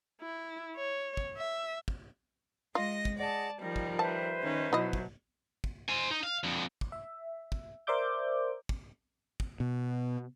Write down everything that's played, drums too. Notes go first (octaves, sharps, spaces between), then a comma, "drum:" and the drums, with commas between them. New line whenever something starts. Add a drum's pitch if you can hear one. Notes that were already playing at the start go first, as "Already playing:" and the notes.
E4
C#5
drum: kick
E5
drum: kick
G#3 F4 D#5 A#6
drum: kick
G#4 D5 D#5 F#5 A5
D#3 F3 G3 D#5
drum: kick
B4 C5 E5 A5
D#3 C#4 D#4
B2 F#3 E4 D#5
drum: kick
drum: kick
C5 G#5
D#4
F5
F2 D3
drum: kick
E5
drum: kick
A#4 C5 D5 E5 D6 G6
drum: kick
drum: kick
B2